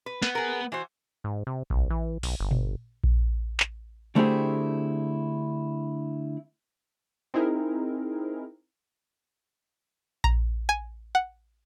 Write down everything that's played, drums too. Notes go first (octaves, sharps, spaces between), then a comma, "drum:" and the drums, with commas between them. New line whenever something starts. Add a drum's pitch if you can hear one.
B4
B3, drum: snare
G#4 A#4
E3 F#4 C5
G#2
C3
C2, drum: kick A#1
E3
B1, drum: open hi-hat
G1
drum: tom A#2
drum: kick A#1
drum: clap
D3 A3 C4 E4 G4 G#4
C4 D#4 E4 G#4 A#4
A#5, drum: kick A#1
G#5
F#5